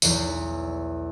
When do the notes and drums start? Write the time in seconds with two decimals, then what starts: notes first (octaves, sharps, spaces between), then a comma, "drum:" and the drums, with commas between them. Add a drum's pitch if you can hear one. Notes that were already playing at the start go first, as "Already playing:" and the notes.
0.02 B1 E2, drum: tambourine